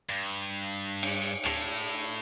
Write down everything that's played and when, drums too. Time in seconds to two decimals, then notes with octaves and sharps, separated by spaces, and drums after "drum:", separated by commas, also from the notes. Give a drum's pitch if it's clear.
0.10 G2
1.03 drum: cymbal
1.45 A2, drum: rim click